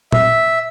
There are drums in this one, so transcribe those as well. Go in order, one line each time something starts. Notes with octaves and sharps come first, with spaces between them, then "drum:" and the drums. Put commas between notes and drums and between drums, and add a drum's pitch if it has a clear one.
E5, drum: tom A#2